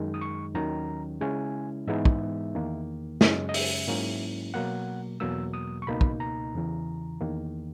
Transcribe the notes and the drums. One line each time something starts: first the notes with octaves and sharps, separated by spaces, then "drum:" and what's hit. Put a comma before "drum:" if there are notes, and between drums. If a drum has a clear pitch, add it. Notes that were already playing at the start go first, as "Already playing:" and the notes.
Already playing: F#2 D#3 G#3 D#4
D#6
C#6
D#2 D#3 F#3 C#4 A#5
C#3 G#3 C#4 E4 G#5
G#2 E3 G#3 B3 D#4 E5
drum: kick
E2 D#3 A#3
F#2 C#3 G#3 C#4 D#5, drum: snare
D#5
E5, drum: open hi-hat
G#2 F#3 A#3 C#4 E4
B2 F#3 A#3 F#5
E2 B2 F#3 A#3 E6
D#6
C#6
C#2 B2 A#3 D#4 B5
drum: kick
A#5
E2 C#3 E3
E2 D#3 A#3